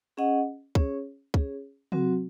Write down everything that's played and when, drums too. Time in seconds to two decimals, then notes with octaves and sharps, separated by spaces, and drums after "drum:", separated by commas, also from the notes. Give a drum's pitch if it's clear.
0.17 C#4 G#4 D#5 F#5
0.75 C#4 G#4 C#5, drum: kick
1.34 C#4 G#4 C#5, drum: kick
1.92 F#3 C4 F#4, drum: tom